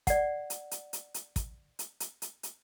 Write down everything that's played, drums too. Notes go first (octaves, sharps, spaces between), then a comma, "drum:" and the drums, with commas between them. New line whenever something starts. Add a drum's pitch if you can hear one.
D5 F#5, drum: kick, hi-hat
drum: hi-hat
drum: hi-hat
drum: hi-hat
drum: hi-hat
drum: kick, hi-hat
drum: hi-hat
drum: hi-hat
drum: hi-hat
drum: hi-hat